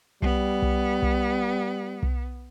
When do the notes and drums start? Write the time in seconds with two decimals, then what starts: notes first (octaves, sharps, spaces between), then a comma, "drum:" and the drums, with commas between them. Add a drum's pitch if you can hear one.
0.22 G3 B3, drum: kick B1
0.62 drum: kick B1
1.03 drum: kick B1
2.03 drum: kick B1